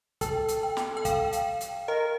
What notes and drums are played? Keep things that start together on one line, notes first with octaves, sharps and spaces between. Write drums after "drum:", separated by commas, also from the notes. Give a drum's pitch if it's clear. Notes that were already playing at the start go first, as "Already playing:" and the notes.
A4 G5, drum: kick, hi-hat
drum: hi-hat
G5
drum: snare
G5
F5, drum: kick, hi-hat
drum: hi-hat
drum: hi-hat
A#4 D#5